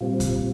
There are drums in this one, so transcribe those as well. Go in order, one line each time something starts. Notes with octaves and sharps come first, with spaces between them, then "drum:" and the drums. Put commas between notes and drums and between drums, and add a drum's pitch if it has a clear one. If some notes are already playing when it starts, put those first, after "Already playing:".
A#2 G3 C4 F4
drum: kick, hi-hat